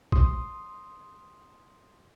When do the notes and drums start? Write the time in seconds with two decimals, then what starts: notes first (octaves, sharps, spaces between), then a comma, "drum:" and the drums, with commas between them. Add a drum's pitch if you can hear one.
0.12 C6 D#6, drum: kick